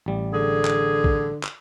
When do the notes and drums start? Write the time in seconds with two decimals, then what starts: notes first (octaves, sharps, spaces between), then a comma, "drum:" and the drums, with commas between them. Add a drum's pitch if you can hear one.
0.06 A1 G3
0.33 D3 G#4
0.65 drum: clap
1.04 drum: kick
1.43 drum: clap